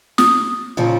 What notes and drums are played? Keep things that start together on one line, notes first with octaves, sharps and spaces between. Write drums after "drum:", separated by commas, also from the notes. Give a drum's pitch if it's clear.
D#6, drum: snare
A#2 C#3 F3